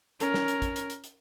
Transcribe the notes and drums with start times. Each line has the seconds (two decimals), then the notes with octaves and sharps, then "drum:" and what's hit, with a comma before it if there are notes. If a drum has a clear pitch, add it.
0.20 C#4 A#4, drum: hi-hat
0.34 drum: snare
0.48 drum: hi-hat
0.62 drum: kick, hi-hat
0.76 drum: hi-hat
0.90 drum: hi-hat
1.04 drum: hi-hat